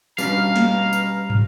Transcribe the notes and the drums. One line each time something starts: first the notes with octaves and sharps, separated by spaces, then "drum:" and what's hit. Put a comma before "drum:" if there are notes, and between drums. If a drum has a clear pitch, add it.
B2 G3 C#4 D4 F5 A#5 F6, drum: tambourine
drum: snare
drum: tambourine
drum: tom